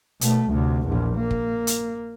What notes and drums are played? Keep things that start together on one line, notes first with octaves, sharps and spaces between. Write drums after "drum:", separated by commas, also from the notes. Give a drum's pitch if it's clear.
B2 A3, drum: hi-hat
D2 C3
A#1 E2
A#3
drum: kick
drum: hi-hat